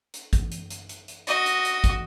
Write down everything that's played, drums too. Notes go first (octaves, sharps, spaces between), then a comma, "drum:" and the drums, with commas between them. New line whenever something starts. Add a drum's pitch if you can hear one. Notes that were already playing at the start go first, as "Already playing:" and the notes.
drum: hi-hat
drum: kick, hi-hat
drum: hi-hat
drum: hi-hat
drum: hi-hat
drum: hi-hat
F#4 D#5, drum: hi-hat
drum: hi-hat
drum: hi-hat
drum: kick, hi-hat